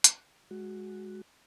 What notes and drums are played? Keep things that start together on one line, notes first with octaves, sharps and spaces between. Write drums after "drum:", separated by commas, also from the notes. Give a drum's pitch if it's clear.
drum: hi-hat
G#3 F#4